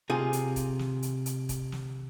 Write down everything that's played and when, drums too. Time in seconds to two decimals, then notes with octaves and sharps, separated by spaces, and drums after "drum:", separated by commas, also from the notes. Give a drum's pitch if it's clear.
0.10 C3 F4 G#4
0.33 drum: hi-hat
0.56 drum: kick, hi-hat
0.79 drum: snare
1.02 drum: hi-hat
1.26 drum: hi-hat
1.49 drum: kick, hi-hat
1.72 drum: snare